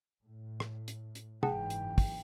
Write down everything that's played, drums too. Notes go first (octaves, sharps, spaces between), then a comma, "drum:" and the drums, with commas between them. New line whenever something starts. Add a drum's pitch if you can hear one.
A2
drum: rim click
drum: hi-hat
drum: hi-hat
F#1 G#2 E3 G#4 F#5 G5 A5, drum: tom
drum: hi-hat
drum: kick, open hi-hat